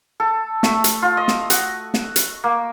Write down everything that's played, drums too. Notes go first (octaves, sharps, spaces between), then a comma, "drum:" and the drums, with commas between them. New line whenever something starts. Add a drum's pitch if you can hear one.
A4
A3, drum: snare
drum: hi-hat
F4
D#5
drum: snare
F#4, drum: hi-hat
drum: snare
drum: hi-hat
A#3